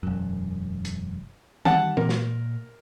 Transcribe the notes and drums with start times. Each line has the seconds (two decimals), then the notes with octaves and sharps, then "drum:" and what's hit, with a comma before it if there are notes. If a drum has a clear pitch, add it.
0.03 E1 F#2
0.85 drum: hi-hat
1.65 D#3 G3 F#5 A5, drum: tom E3
1.97 A#2 A#4, drum: tom E3
2.09 drum: snare